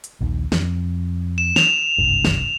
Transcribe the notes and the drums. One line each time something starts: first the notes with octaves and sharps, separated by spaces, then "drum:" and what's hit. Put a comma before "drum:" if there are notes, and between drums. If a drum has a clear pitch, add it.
drum: hi-hat
A#1 D#2 D#3
F2, drum: snare
E7
F7, drum: snare
F#1 C2 G2
drum: snare